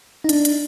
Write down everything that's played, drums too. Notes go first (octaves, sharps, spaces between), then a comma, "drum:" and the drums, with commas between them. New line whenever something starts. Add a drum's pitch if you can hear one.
D#4
D4, drum: hi-hat
drum: hi-hat